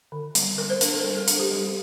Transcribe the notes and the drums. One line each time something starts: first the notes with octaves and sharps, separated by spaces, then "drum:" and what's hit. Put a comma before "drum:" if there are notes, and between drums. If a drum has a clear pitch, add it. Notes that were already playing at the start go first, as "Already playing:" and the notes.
D3
G3 A#3, drum: hi-hat
G3 A#4
C5
D4 A#4, drum: hi-hat
A4
C5
G3 A#4
A4
D4 A4, drum: hi-hat
G4
G3